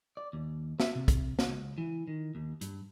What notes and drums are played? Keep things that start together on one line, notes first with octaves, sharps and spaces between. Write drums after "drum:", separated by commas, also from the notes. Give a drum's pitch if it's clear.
D5
D#2
E5, drum: snare
C3
drum: kick, hi-hat
drum: snare
C#2
E3
D#3
D#2
G2, drum: hi-hat